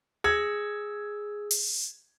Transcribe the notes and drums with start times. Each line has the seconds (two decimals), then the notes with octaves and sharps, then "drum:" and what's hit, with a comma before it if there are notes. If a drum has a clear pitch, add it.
0.24 G#4 E6 G#6
1.51 drum: open hi-hat